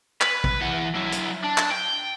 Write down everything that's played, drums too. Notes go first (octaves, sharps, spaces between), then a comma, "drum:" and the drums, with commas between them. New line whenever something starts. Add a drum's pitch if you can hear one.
B4, drum: clap
drum: kick
E3 F#5
F#3 E4
drum: hi-hat
D4
drum: clap
G5